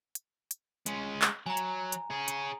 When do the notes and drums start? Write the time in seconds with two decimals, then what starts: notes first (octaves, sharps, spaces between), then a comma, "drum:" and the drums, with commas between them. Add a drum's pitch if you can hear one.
0.15 drum: hi-hat
0.51 drum: hi-hat
0.86 G#3 C#4, drum: hi-hat
1.22 drum: clap
1.46 F#3 G#5 A#5
1.57 drum: hi-hat
1.92 drum: hi-hat
2.10 G#4 C#5
2.28 drum: hi-hat